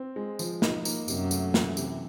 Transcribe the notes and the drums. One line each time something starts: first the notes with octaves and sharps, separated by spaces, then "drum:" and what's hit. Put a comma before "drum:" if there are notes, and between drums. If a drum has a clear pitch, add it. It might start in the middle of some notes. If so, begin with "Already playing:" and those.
Already playing: C4
G#3
F3, drum: tambourine
D#4, drum: snare
A#3, drum: tambourine
F#2 C3, drum: tambourine
A3, drum: tambourine
E3, drum: snare
C3, drum: tambourine